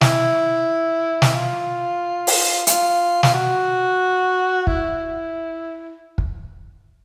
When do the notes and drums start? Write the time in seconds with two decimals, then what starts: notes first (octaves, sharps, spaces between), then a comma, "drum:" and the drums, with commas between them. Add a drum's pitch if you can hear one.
0.01 E4, drum: snare
1.22 drum: snare
1.35 F4
2.27 drum: open hi-hat
2.67 F4, drum: hi-hat
3.23 F4, drum: snare
3.34 F#4
4.67 E4, drum: kick
6.18 drum: kick